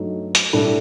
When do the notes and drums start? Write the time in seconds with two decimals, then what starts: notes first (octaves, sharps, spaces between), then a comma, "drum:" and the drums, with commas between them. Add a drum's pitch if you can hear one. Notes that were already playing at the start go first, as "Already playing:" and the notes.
Already playing: G2 F#3 A3 D#4
0.35 drum: hi-hat
0.53 A2 G3 D4 A4